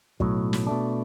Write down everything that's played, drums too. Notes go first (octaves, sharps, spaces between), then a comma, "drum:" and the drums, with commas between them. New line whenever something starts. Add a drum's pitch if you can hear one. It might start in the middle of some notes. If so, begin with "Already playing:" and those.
B1 A2 F#3, drum: kick
drum: snare
B2 A3 D4